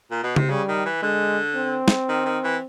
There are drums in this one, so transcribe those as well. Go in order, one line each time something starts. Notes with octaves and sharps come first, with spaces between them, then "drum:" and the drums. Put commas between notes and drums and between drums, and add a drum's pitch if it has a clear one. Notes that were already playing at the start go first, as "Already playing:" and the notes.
A#2
B2
C3, drum: tom C#3
C#3 G3
D#3
E3
D3 G#3
C4
drum: snare
D#3
D#3
E3